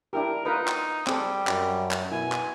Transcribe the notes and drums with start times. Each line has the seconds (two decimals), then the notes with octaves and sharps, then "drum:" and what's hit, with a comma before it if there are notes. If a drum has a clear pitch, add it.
0.13 D4 E4 G4 A#4
0.45 D#4 F4 A#4 B4
0.68 drum: clap
1.07 G3 C4 G#4 A4, drum: clap
1.47 F#2, drum: clap
1.91 drum: clap
2.11 B2 E4 G#5
2.32 drum: clap